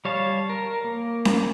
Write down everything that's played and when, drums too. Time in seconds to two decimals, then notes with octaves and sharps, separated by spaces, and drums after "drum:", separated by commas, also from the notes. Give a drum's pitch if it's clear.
0.05 G3 C#5 F5 A5
0.49 A#4
0.84 A#3
1.25 drum: snare C#4